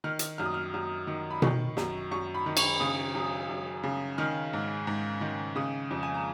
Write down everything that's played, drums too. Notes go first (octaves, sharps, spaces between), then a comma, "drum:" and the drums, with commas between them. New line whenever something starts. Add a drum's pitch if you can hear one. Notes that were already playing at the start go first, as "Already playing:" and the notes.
D#3 F6
drum: hi-hat
F#2 F6
D#6
F6
F#2
D#3
B5
D#3 C#6, drum: tom B2
F#2, drum: snare
F#2 C#6
B5
D#3
C#6, drum: cymbal
C#3 D#6
F#2
F#2
C#3
D#3 F6
G#2
G#2
D#3
C#3 D#6
F2
G#5
A#5